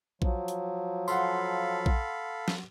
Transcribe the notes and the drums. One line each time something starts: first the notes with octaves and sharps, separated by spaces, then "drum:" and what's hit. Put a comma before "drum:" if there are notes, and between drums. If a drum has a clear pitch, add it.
F3 F#3, drum: kick A#1
drum: hi-hat
A4 F5 F#5 B5 C6, drum: tambourine
drum: kick A#1
drum: snare